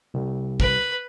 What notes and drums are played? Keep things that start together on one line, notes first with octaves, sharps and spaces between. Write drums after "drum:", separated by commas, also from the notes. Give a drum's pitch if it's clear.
C2 C3
B4, drum: kick